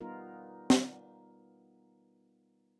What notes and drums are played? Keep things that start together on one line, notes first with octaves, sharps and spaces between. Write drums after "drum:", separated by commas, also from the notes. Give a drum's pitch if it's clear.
G3 B3 D#4 F4 A#4
drum: snare